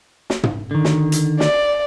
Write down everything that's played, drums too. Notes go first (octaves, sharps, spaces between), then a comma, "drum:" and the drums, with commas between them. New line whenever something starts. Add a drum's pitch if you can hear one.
drum: snare
drum: tom
D3 D#3
drum: snare
drum: hi-hat
D5, drum: snare